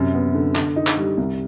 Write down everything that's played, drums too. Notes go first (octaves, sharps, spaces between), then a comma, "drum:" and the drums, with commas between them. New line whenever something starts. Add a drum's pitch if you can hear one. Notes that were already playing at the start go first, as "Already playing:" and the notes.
Already playing: F#2 C3
B3
D3
D3, drum: clap
D#4
drum: clap
G3
C2